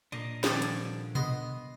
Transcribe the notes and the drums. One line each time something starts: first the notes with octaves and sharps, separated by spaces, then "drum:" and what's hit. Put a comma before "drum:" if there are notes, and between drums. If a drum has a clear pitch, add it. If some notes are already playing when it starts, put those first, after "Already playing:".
A#2 A#3 D4 D#5
D3 D#3 F3 G3 G#4 D5 A5, drum: snare
drum: hi-hat
B3 D#5 C6, drum: tom B2